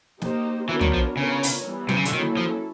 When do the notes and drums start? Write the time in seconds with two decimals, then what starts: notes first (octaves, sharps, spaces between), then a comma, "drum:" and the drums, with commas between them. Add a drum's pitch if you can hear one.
0.22 A#3 D#4 G4 C5, drum: snare
0.69 E3 B3 D4 F#4 A#4 C#5
0.81 D#3, drum: tom
0.94 F3
1.17 C#3 B3 D4 F4 A#4 C#5
1.43 drum: open hi-hat
1.66 E3 G3 B3
1.89 C3, drum: tom F#3
1.97 C#3
2.05 D3, drum: hi-hat
2.13 D#3 F#3 A#3 C#4 E4 A4
2.37 F3